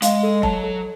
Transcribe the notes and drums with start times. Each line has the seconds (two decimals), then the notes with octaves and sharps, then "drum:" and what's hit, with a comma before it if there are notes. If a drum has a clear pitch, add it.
0.02 G#3 F5, drum: hi-hat
0.23 A4
0.43 F#3 A5, drum: kick F1
0.63 A4